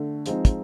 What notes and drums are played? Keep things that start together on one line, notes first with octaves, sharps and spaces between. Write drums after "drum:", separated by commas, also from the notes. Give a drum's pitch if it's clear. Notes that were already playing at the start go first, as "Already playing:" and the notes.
Already playing: D3 A3
F3 G#3 C4 D#4, drum: hi-hat
drum: kick, hi-hat